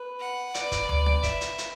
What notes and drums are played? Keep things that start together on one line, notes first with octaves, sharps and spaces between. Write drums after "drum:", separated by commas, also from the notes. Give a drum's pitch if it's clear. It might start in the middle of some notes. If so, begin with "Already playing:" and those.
Already playing: B4
F#5
D5, drum: hi-hat
drum: kick, hi-hat
drum: tom D2
drum: snare C4
E5, drum: kick, hi-hat
drum: hi-hat
drum: hi-hat